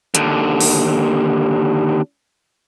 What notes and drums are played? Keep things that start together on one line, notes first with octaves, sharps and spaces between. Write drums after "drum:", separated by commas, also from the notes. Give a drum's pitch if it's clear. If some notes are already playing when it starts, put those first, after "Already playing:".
D#2 D3, drum: hi-hat
drum: open hi-hat